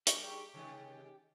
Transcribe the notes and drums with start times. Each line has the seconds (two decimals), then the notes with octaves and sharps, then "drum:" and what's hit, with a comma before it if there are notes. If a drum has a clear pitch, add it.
0.07 G3 D4 G4 G#4 A#4 C#6, drum: hi-hat
0.54 C3 D#3 G#3 C#4